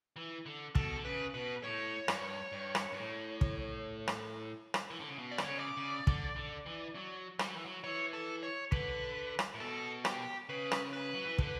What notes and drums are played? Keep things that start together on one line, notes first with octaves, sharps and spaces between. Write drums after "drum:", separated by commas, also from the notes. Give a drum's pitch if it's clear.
E3
D3
B2 A4, drum: kick
D3
C#3 B4
B2 B4
A2 C#5
G2, drum: rim click
G2
drum: rim click
G2
A2
drum: kick
drum: rim click
drum: rim click
E3
D3
C#3
B2
D5
D3, drum: rim click
C#3 C#5
D5
C#3
D3, drum: kick
D3
E3
F#3
G3, drum: rim click
F#3
E3
F#3
E3 C#5
A4
C#5
D3 B4, drum: kick
drum: rim click
A2
B2 A4
G4, drum: rim click
C#3 B4
drum: rim click
B4
F#3
E3
D3, drum: kick